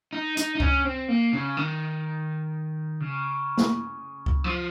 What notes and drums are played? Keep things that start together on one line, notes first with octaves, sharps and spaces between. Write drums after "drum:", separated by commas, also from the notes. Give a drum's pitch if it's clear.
D#4
D#4, drum: hi-hat
D#4
C#4, drum: kick C#2
C4
A#3
C#3
D#3
C#3
drum: snare
drum: kick C#2
F3